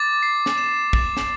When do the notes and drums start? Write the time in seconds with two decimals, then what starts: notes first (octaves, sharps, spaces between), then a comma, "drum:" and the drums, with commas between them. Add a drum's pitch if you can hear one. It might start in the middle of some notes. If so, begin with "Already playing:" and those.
Already playing: D6 A6
0.23 C7
0.46 drum: snare
0.58 E7
0.93 A6, drum: kick
1.17 drum: snare